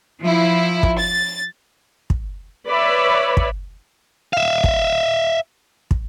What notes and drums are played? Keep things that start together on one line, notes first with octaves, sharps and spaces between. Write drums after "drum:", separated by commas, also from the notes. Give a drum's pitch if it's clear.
F3 E4
drum: kick
A6
drum: kick
B4 C#5 D5 E5 B5
drum: kick
E5 F5
drum: kick
drum: kick